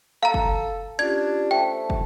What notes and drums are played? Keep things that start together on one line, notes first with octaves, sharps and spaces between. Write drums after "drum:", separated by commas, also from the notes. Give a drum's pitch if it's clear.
A4 F5 A#5
drum: kick
C#4 D4 F4 G4 G#6
A3 C5 G5 A5
drum: kick